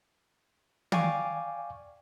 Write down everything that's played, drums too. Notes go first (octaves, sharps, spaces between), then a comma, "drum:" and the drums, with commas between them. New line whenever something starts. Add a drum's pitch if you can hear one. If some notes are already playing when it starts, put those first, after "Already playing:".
D5 F5 G5 G#5 C#6 D6, drum: tom